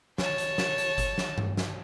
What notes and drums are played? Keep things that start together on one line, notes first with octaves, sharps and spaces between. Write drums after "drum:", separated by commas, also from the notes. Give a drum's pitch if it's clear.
C#5 A5, drum: snare
drum: hi-hat
drum: snare
drum: hi-hat
drum: kick G1, hi-hat
drum: snare
drum: tom G2
drum: snare